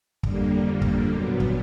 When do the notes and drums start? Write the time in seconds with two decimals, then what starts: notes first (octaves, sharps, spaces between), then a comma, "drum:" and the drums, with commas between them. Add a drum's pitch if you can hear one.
0.23 F2 D3 G3 A#3, drum: kick
0.82 drum: kick
1.11 A#2 F#3 B3
1.40 drum: kick